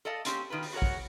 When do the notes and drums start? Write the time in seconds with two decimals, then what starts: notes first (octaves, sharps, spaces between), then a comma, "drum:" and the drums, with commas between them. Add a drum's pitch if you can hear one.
0.05 A4 D5 D#5 F5 A5
0.25 A#3 C4 C#4 G4, drum: hi-hat
0.50 B2 D#3 F4 B4
0.63 drum: open hi-hat
0.73 F#4 G#4 A#4 C#5 F#5
0.82 drum: kick